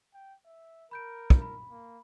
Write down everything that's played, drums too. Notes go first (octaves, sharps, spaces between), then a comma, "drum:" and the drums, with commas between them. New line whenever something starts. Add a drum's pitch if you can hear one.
G5
E5
A#4 B5 G6 D7
drum: kick
B5
A#3